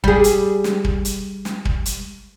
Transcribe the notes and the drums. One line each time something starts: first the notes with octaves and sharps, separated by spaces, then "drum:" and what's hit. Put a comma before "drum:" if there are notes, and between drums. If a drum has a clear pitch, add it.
G3 G#4, drum: kick
drum: hi-hat
drum: snare
drum: kick
drum: hi-hat
drum: snare
drum: kick
drum: hi-hat